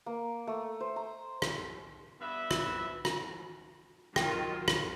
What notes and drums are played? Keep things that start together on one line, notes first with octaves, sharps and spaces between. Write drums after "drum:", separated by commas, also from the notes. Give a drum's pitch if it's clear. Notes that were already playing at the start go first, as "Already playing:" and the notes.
A#3
A3
C5
A#5
drum: rim click
G2 B3 B4 E5
drum: rim click
drum: rim click
D#3 F#3 F4 G5, drum: rim click
drum: rim click